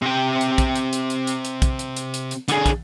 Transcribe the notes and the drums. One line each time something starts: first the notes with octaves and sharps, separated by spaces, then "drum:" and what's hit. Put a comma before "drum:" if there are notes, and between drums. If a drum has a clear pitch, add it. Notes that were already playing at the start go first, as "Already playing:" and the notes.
C3 G5
drum: hi-hat
drum: kick, hi-hat
drum: hi-hat
drum: hi-hat
drum: hi-hat
drum: hi-hat
drum: hi-hat
drum: kick, hi-hat
drum: hi-hat
drum: hi-hat
drum: hi-hat
drum: hi-hat
D3 G#4, drum: hi-hat
drum: kick, hi-hat